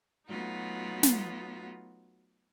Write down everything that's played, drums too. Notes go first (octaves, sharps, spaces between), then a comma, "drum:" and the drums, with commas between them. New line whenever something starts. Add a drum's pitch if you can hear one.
F#3 A3 B3 D#4 F4 F#4
drum: snare